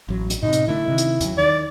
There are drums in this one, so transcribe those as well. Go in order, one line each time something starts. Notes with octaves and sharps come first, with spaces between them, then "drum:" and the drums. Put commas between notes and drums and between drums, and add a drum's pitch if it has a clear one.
A1 F#3
drum: hi-hat
A2 C3 D#4
drum: hi-hat
D3 A3 E4
C3 D#3
drum: hi-hat
D#2 F#3, drum: hi-hat
D#3 D5